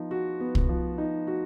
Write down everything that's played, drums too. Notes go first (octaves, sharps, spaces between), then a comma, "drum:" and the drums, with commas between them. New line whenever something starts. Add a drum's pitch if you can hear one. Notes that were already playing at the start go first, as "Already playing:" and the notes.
Already playing: F3 B3 D#4
F#4
B3
drum: kick
F3
D#4
F#4